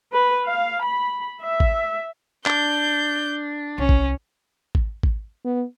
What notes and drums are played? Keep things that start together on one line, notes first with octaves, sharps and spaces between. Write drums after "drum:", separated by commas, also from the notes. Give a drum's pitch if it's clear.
B4
F5
B5
E5
drum: kick G#1
D4 G6, drum: clap
C2 C#4
drum: kick G#1
drum: kick G#1
drum: kick G#1
B3